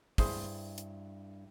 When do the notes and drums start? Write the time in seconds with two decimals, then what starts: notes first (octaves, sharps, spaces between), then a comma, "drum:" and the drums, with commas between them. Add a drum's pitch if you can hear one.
0.18 G2 E4 G#4 C5, drum: kick, open hi-hat
0.78 drum: hi-hat